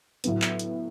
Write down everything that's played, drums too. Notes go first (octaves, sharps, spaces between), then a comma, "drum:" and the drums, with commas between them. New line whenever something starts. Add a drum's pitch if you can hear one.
A2 F#3 B3, drum: hi-hat
drum: clap
drum: hi-hat